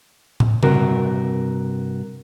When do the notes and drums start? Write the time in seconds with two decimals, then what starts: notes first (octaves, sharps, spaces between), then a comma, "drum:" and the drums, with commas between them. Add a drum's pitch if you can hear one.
0.40 drum: tom
0.63 G2 C3 F#4 A#4, drum: tom C#3